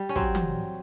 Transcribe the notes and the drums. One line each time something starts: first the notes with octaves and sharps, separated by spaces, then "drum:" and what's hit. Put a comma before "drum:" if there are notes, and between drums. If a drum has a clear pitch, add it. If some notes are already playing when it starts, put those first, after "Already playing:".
Already playing: G3
C#4
F#3 C4, drum: kick
drum: tom E3